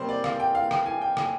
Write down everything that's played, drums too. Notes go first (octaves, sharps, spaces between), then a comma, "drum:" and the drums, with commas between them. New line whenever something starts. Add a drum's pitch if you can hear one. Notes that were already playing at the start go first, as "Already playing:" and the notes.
Already playing: C3 G3 A#3 A#4 C5
D5
F5, drum: rim click
G5
F5
G5, drum: rim click
G#5
G5
G#5, drum: rim click